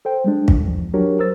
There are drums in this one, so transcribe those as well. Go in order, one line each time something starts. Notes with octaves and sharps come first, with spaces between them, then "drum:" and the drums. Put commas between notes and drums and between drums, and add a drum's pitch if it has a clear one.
A4 C5 G5
G3 G#3 D4
drum: kick
E2 F3
F#3 D4 F#4 G4 A#4 C#5
A#4 C5 E6 A6